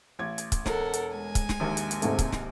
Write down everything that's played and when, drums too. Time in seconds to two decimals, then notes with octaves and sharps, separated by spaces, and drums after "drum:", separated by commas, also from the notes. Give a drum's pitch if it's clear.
0.19 A1 G#6
0.38 drum: hi-hat
0.52 drum: kick, hi-hat
0.66 E1 A4 A#4 F#5, drum: snare
0.93 drum: hi-hat
1.14 G#3 G#5
1.35 drum: kick, hi-hat
1.49 drum: snare
1.60 A#1 D#2
1.77 drum: hi-hat
1.91 drum: hi-hat
2.02 G#2 C3 A3, drum: hi-hat
2.19 drum: kick, hi-hat
2.32 drum: snare